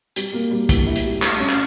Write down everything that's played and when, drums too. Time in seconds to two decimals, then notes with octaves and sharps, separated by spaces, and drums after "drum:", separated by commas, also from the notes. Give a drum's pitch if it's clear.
0.16 G3, drum: hi-hat
0.33 A#3
0.51 G3
0.69 A2, drum: kick, hi-hat
0.87 E4
0.96 drum: hi-hat
1.05 G3
1.22 A3, drum: clap
1.40 C#4
1.49 drum: clap